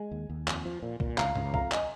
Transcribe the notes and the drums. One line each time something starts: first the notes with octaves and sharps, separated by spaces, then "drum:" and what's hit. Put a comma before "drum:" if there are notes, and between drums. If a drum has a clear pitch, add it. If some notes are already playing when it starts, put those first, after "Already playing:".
Already playing: G#3 G#5
D#2
D#2
F2, drum: clap
F3
A#2
A#2, drum: kick B1
C#2 F5 A#5, drum: clap
C#2, drum: tom G2
F2 F5 A#5, drum: kick B1
D#5 G#5, drum: clap